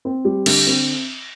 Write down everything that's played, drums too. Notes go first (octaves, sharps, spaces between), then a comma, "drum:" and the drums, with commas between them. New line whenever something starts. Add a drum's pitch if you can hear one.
C4
G3
D3, drum: cymbal
C4